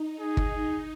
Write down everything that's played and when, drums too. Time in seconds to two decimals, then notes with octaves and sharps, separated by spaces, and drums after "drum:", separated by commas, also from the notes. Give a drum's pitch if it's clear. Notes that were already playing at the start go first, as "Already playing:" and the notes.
Already playing: D#4
0.20 G#4
0.37 drum: kick